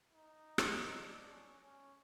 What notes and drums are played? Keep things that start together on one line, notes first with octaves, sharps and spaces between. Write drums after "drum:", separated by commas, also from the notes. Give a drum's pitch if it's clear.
D#4
drum: rim click
D4
C#4
C#4